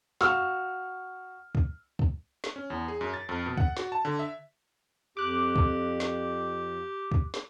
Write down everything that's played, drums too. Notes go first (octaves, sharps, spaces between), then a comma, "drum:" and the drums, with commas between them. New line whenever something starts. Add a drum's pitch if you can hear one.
F#4 F5 F#5 C#6 E6 F6, drum: snare
drum: kick
drum: kick
drum: snare
C#4
E2
G#4
F#2
A6
F2
B2
F#5, drum: kick
F#4, drum: snare
A5
D3
E5
F2 G4 D6 F#6
drum: kick
drum: snare
drum: kick
drum: snare